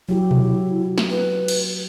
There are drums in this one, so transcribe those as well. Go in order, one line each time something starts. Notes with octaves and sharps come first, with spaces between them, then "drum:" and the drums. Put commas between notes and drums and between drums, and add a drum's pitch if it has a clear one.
F#3 E4 G4
drum: tom B2
drum: snare
B4
drum: cymbal